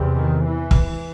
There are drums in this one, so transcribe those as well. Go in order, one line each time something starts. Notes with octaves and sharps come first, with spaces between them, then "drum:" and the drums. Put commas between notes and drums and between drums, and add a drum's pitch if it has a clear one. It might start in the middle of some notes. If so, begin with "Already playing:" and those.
Already playing: E2 C3
D#3
E3
drum: kick